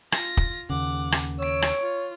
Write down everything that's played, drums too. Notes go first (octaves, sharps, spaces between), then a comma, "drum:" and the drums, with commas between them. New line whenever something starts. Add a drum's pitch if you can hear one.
F4 A#6, drum: rim click
drum: kick
D#2 C#3 F#5 D6
drum: rim click
C#5 E6 D7
drum: rim click
F4